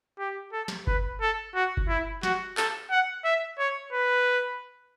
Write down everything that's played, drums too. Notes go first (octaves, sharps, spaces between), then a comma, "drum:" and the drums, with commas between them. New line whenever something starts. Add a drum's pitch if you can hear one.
G4
A4
drum: snare
B4, drum: kick F#1
A4
F#4
drum: kick F#1
E4
F#4, drum: snare
A4, drum: clap
F#5
E5
C#5
B4